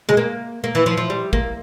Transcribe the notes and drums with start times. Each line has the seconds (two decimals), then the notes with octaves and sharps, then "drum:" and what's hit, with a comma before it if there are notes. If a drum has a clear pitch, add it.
0.09 G#3, drum: tom C#3
0.17 A#3
0.64 A#3
0.75 E3
0.86 F3
0.97 F3
1.10 G3
1.33 A#3, drum: kick